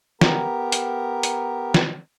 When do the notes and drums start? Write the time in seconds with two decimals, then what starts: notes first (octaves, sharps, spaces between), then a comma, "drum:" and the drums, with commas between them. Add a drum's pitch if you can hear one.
0.21 B3 G4 A#4 A#5, drum: snare
0.72 drum: hi-hat
1.23 drum: hi-hat
1.74 drum: snare